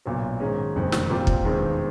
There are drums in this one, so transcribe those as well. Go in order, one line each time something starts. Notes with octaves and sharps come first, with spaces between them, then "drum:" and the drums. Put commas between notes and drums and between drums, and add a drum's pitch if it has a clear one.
B1 A#2 F#3
G#2 D#3 G#3 C#4
F#1 F2 C3 D#3 G#3
drum: snare
A#2 G3 C4 F4
drum: kick
E1 D#2 D#3 G#3 C4